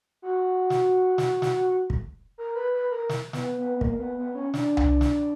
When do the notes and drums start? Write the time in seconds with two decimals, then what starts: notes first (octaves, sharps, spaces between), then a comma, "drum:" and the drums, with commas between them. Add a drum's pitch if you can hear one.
0.22 F#4
0.70 drum: snare
1.18 drum: snare
1.42 drum: snare
1.90 drum: kick
2.38 A#4
2.55 B4
2.74 B4
2.91 A#4
3.09 drum: snare
3.33 B3, drum: snare
3.58 B3
3.77 B3
3.81 A#3, drum: kick
3.99 B3
4.17 B3
4.35 C#4
4.54 D4, drum: snare
4.77 drum: tom C2
5.01 drum: snare